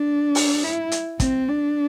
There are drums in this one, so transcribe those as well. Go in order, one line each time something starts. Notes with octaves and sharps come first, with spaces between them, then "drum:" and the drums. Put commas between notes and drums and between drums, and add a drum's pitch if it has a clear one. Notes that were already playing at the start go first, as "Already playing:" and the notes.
Already playing: D4
drum: open hi-hat
E4
drum: hi-hat
C4, drum: kick, hi-hat
D4